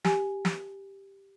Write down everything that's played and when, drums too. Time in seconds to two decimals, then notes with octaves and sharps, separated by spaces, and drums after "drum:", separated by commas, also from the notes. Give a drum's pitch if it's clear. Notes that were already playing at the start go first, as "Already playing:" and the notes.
0.05 G4 G#5, drum: snare
0.45 drum: snare